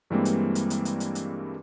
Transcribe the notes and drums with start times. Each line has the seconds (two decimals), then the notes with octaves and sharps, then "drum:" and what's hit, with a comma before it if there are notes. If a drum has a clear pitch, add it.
0.10 G2 E3 G3 G#3 A#3 C4
0.25 drum: hi-hat
0.55 drum: hi-hat
0.70 drum: hi-hat
0.85 drum: hi-hat
1.00 drum: hi-hat
1.15 drum: hi-hat